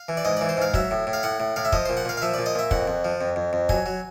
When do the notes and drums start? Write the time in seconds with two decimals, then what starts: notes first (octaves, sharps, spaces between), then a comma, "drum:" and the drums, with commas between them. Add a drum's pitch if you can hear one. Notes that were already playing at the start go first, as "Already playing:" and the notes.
Already playing: F5
0.09 E3
0.17 D5
0.25 G#2 D#5
0.37 E3 D5
0.49 C5
0.57 G#2 F5
0.74 F#3 E5, drum: kick
0.91 A2
1.07 A2
1.13 F5
1.23 A2 F#5
1.40 A2
1.56 A2 F5
1.65 E5
1.72 F3 D#5, drum: kick
1.86 A#2 C5
1.97 F#5
2.05 A#2 F5
2.17 F5
2.22 F3 E5
2.34 A#2 D5
2.46 D#5
2.55 A#2 E5
2.71 F2 F#5, drum: kick
2.88 F2
3.05 F3
3.21 F2
3.36 F2
3.53 F2
3.69 F#3 G#5, drum: kick
3.86 F#3